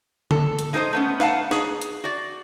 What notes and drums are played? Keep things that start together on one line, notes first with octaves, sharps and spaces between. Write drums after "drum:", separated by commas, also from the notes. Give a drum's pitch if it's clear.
A4, drum: tom D3
drum: hi-hat
G#3 D#4 G#4 A4 C5 D#5
A3 B3 C#4
B4 F5 F#5 A5, drum: snare
G#4, drum: snare
drum: hi-hat
F#4 D5